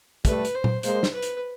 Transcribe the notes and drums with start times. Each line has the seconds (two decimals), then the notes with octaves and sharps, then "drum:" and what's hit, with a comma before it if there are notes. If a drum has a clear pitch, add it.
0.25 G3 A3 B4, drum: kick, hi-hat
0.45 drum: hi-hat
0.55 C5
0.64 drum: tom A#2
0.83 G#3 A#3 C5, drum: hi-hat
1.03 drum: snare
1.13 B4
1.22 drum: hi-hat